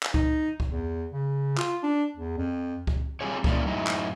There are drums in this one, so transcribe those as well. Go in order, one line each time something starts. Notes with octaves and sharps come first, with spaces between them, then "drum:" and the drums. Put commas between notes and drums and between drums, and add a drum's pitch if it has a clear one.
drum: clap
D#4, drum: kick C#2
drum: kick C#2
E2
C#3
F4, drum: clap
D4
E2
F2
drum: kick C#2
G3 C4 F4 G4 G#4 C#5
G3 A#3 C#4 D4 E4 D5, drum: kick C#2
F#2 A2 D#4 E4
drum: clap